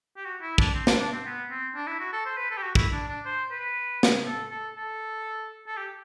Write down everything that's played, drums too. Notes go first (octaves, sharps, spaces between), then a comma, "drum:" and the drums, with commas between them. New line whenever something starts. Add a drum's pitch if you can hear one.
G4
F#4
E4
D4, drum: kick
C4
D4, drum: snare
D4
C4
B3
C4
D4
E4
F#4
A4
C5
B4
A4
G4
F#4
E4, drum: kick
D4
D4
C5
B4
drum: snare
A4
A4
A4
A4
G4